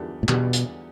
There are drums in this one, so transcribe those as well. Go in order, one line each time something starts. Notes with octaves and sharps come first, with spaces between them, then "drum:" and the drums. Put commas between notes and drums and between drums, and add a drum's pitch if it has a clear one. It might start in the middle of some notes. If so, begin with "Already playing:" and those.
Already playing: E2 D3 G3 D4 G4
A2
E2 B2 D3 G3 D4 G4, drum: clap
drum: hi-hat